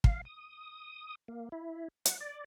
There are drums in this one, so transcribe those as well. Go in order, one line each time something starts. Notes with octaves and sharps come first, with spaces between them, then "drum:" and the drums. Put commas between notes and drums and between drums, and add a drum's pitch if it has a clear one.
F5, drum: kick
D#6
A#3
E4
F#5, drum: hi-hat
D5